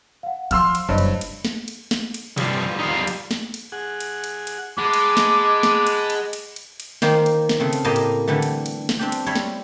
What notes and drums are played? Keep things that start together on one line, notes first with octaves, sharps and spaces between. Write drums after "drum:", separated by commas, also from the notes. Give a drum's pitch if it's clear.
F5 F#5
F3 F5 C6 E6 F6, drum: cymbal
drum: cymbal
F#1 G2 C5 C#5 D#5
drum: cymbal
drum: cymbal
drum: snare
drum: cymbal
drum: snare
drum: cymbal
C2 G2 G3 F4, drum: cymbal
D#4 F5
drum: cymbal
drum: snare
drum: cymbal
G#4 F#5
drum: cymbal
drum: cymbal
drum: cymbal
G#3 F#5 A5 B5 D6
drum: cymbal
drum: snare
drum: snare
drum: cymbal
drum: cymbal
drum: cymbal
drum: cymbal
drum: cymbal
D#3 A#3 C5 G5 C6, drum: snare
drum: cymbal
drum: snare
C#3 A3 C4
drum: cymbal
A2 A#3 G4 D#5 A5 A#5
drum: cymbal
D3 E3 G3 A3
drum: cymbal
drum: cymbal
drum: snare
C4 D4 G4
drum: cymbal
G3 E4 C5 C#5 B5
drum: snare